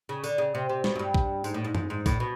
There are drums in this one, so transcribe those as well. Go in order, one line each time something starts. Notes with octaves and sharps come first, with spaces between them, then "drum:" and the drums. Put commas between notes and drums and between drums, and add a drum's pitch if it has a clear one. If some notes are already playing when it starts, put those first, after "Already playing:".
C#3
D3, drum: tambourine
C#3
C3
C3
B2, drum: snare
F#2
G2
drum: kick B1
G#2, drum: tambourine
A2
G#2
G#2, drum: tom F#2
G#2
A2, drum: kick B1, tambourine
B2